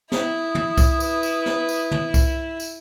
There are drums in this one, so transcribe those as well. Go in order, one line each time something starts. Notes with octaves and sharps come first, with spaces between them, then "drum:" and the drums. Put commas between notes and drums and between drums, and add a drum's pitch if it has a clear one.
E4 D#6, drum: snare
drum: tom
drum: kick C2, tambourine
B4, drum: tambourine
drum: tambourine
drum: snare
drum: tambourine
drum: tom
drum: kick C2, tambourine
drum: tambourine